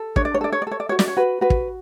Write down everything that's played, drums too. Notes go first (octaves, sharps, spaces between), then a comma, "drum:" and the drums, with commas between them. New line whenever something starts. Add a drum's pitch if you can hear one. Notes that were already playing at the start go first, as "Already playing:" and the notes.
Already playing: A4
D4 C#5, drum: kick
D5
C#5
A4 D5
C#5
D5
A4 C#5
D5
F#4 C#5
D5, drum: snare
C#5
F#4 B4
F#4 B4
drum: kick